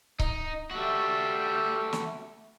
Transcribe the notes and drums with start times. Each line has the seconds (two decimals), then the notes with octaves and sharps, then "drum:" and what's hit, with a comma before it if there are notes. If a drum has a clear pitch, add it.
0.20 D#4, drum: kick C#1
0.71 G3 A3 F#4 E5
1.93 drum: snare